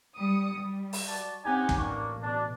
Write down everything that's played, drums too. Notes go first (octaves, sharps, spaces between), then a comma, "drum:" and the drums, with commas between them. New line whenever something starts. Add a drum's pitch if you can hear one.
G3 D#6 C#7
G3
drum: open hi-hat
F#4 D5 A5
C4 C#4 D#4 G4 F#5 G#5
drum: kick
A1 A#3 D4 C#6
B2 D4